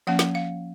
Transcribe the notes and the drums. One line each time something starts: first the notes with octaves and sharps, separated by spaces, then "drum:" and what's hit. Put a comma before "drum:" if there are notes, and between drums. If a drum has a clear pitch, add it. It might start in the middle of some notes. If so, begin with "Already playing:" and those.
F3 A#3 C#4 F#5
drum: snare
F5